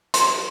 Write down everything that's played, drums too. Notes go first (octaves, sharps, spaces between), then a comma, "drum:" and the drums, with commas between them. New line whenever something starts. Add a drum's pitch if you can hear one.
C6, drum: hi-hat